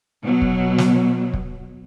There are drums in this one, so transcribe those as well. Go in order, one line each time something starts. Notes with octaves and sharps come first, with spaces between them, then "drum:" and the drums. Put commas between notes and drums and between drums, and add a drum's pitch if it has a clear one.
B2 F#3
drum: kick
drum: snare
drum: kick